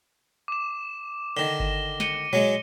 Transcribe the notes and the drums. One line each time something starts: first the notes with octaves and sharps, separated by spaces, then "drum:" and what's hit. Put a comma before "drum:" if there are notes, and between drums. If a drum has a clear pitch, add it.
D6 E7
D3 D#3 A#6 E7 G7
drum: kick G1
C#7 D#7 G7, drum: snare
F#3 G#3, drum: tom A#2